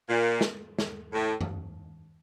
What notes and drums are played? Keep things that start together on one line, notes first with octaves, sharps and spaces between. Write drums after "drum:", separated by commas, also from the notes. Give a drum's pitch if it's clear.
A#2
drum: snare
drum: snare
A2
drum: tom F#2